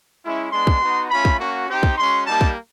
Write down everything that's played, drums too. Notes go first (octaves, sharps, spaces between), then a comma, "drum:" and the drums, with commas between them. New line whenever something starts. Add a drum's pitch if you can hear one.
G#3 C#4 E4
G#3 B3 D4 C6
drum: kick
B3 D#4 F#4
A3 C#4 F4 B5
drum: kick
A#3 C#4 F#4
C4 D#4 G4
drum: kick
G#3 C#4 F#4 C6
G3 A#3 D#4 G4 A5
drum: kick